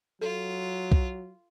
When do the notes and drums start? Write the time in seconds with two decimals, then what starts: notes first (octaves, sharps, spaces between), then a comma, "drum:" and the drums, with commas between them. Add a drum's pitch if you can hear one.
0.22 F#3 F4 A4
0.92 drum: kick B1